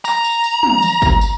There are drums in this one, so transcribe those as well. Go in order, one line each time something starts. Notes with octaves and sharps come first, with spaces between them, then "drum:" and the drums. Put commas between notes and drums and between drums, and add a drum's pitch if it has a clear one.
A#5, drum: tambourine
drum: tambourine
drum: tambourine
drum: tom
drum: tambourine
drum: kick G1, tambourine
drum: tambourine